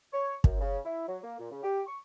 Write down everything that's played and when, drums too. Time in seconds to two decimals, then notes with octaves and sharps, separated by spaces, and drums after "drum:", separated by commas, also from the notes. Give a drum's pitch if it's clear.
0.12 C#5
0.44 F#2, drum: kick
0.61 C#3
0.85 E4
1.08 F#3
1.23 A#3
1.39 A#2
1.51 C#3
1.63 G4
1.86 C#6